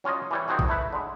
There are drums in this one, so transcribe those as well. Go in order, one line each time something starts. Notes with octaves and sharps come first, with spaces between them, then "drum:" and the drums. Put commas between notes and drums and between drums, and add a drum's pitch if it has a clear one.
F#3 C#4 F4 C#5 D#5
E3 G3 C#5
D#3 F3 C4 D#4 F#4 G#4
drum: kick A#1
A3 E4 B4
D3 G#3